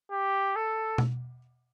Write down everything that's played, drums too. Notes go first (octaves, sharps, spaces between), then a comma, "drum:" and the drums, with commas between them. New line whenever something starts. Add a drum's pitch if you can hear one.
G4
A4
drum: tom B2